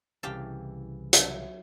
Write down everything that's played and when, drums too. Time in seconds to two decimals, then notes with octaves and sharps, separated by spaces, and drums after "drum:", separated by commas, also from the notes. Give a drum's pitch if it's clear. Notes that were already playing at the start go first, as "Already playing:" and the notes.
0.23 C2 C#3 E3 G4 F5 A5
1.13 F#3 E5, drum: hi-hat